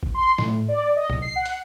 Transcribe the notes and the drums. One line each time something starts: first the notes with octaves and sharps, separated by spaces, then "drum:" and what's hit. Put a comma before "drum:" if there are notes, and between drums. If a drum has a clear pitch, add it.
drum: kick G#1
C6
A2, drum: snare
D5
D#5
C2, drum: tom
C7
F#5
drum: hi-hat